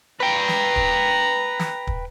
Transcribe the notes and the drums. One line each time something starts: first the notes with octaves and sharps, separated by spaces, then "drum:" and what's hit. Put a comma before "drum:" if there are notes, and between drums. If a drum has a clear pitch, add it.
B4 G5 A#5
drum: snare
drum: kick
drum: snare
drum: kick